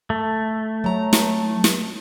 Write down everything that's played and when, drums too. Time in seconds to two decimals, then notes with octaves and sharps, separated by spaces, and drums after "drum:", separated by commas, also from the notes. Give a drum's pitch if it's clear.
0.10 A3
0.84 F#3 A#5
1.13 drum: snare
1.64 drum: snare